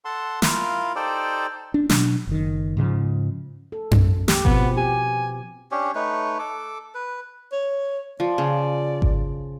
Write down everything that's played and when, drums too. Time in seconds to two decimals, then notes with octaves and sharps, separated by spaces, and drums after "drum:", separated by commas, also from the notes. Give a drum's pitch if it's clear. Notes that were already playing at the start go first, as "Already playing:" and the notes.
0.05 A4 F#5 A5 C6
0.42 E4 F4 A#4 F5, drum: snare
0.96 D#4 G4 A4 C5 D5 G5
1.74 D4
1.90 B2 F#3 D4, drum: snare
2.27 F#1 D#3
2.77 G#2 C#3 E3 F3
3.72 A4
3.91 drum: tom F#2
4.28 G4, drum: snare
4.45 B2 F3 B3 C4, drum: kick G#1
4.77 G4 G#5
5.71 C#4 D4 G4 C#5
5.95 A3 D#4 B4 C#5
6.39 A4 D6
6.95 B4
7.52 C#5
8.20 F3 D5
8.38 C#3
9.02 drum: kick G#1